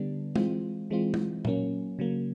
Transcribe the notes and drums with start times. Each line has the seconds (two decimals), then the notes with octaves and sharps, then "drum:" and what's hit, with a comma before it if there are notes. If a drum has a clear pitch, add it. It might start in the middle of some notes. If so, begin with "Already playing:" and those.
Already playing: D3 G3 B3 D4
0.36 E3 G#3 C4 F4, drum: tom
0.90 E3 G#3 C4 F4
1.14 drum: tom
1.45 F#3 A#3 C#4, drum: tom
1.99 C#3 F#3 A#3